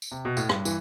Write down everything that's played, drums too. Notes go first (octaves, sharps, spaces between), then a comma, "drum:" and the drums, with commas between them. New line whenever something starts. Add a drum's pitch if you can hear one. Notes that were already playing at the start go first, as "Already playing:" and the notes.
drum: tambourine
C3
B2
A2, drum: tambourine
G2, drum: rim click
E3, drum: tambourine